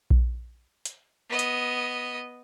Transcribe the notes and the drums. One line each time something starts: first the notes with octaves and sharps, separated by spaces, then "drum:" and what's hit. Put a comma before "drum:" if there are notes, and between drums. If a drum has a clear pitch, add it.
drum: kick A#1
drum: hi-hat
B3 D#5
drum: hi-hat